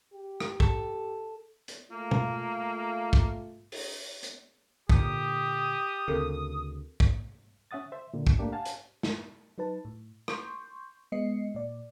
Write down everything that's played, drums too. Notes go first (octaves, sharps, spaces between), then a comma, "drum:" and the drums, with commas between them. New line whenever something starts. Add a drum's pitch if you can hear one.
G4
drum: rim click
A4, drum: kick
drum: hi-hat
A3 A#3 F4
drum: tom
drum: kick
drum: open hi-hat
drum: hi-hat
A#2 D3 G4 D#6, drum: kick
D2 C#3 C4 A4 A#4
drum: kick
C#4 E5 F#5 D#6 A6
C5 E5
A#2 D3
drum: kick
A3 A#3 D4 G4
F5 F#5 G#5 A5
drum: hi-hat
drum: snare
F#3 D#4 B4 A5
A2
C6 C#6 G6, drum: rim click
G#3 B3 D#5 C7 C#7
A#2 D5